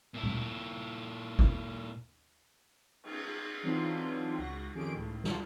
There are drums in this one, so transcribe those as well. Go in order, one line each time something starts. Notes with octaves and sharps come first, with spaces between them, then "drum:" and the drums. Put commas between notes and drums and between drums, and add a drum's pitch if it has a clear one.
A#2 E4
drum: tom A#2
drum: kick
drum: cymbal
E3 F#3 C4 D4 D#4 F4
C#2 F#4 F#6 A#6
F2 D#3 C#4 G4 G#4 D7
C#2 A2
F#3 D4 F4, drum: snare